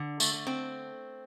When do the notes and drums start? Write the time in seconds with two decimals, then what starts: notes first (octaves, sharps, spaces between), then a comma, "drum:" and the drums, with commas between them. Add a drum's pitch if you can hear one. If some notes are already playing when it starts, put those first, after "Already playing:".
Already playing: D3
0.20 A3, drum: tambourine
0.34 A3
0.47 C4